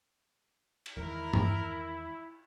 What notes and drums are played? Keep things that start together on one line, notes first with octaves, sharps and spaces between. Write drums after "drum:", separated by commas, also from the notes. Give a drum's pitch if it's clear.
drum: cymbal
E2 D#3 G#3 E4 A#4
drum: tom G2